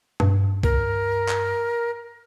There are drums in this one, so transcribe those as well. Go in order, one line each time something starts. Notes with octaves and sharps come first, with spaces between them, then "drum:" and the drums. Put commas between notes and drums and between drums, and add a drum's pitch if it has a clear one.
G2, drum: tom
A#4, drum: kick C2
drum: clap